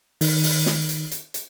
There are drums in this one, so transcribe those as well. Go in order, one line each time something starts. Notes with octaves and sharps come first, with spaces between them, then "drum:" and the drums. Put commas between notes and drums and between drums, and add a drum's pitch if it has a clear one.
D#3, drum: open hi-hat
drum: open hi-hat
drum: snare
drum: hi-hat
drum: hi-hat
drum: hi-hat